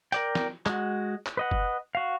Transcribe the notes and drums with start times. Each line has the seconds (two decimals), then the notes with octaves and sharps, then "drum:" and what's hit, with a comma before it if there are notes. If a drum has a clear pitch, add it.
0.12 A#4 D5 G5, drum: hi-hat
0.35 drum: snare
0.66 G#3 F#4, drum: clap
1.26 drum: clap
1.37 B4 D#5 F#5
1.51 drum: kick F#1
1.95 F#4 F5